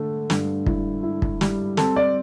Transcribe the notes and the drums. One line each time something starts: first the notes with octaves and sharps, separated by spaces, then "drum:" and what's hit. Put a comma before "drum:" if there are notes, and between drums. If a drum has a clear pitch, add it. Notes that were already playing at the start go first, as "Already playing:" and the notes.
Already playing: D3 A3
G2, drum: snare
E4, drum: kick
E4
drum: kick
G3, drum: snare
C4 A4, drum: snare
D5